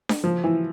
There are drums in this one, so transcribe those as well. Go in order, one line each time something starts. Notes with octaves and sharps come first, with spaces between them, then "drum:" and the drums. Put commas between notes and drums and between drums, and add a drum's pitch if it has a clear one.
drum: snare D4
F3
E3